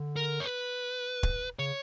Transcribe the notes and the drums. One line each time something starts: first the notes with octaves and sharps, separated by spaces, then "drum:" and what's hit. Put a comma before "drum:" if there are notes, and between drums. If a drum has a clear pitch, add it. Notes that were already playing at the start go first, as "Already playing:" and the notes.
Already playing: D3
A#4
C#5
B4
drum: kick
C#3 C#5